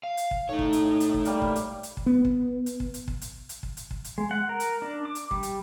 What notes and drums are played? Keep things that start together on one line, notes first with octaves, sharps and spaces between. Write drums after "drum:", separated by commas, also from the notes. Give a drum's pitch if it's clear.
F5
drum: hi-hat
drum: kick
A3 D#4 A4 C#5
drum: kick
drum: hi-hat
drum: hi-hat
drum: kick
G3 A#3, drum: hi-hat
drum: kick
drum: hi-hat
drum: hi-hat
drum: kick
B3
drum: kick
drum: hi-hat
drum: kick
drum: hi-hat
drum: kick
drum: hi-hat
drum: hi-hat
drum: kick
drum: hi-hat
drum: kick
drum: hi-hat
G#3
F#5
A#4
drum: hi-hat
D4
D6
drum: hi-hat
G3, drum: kick
drum: hi-hat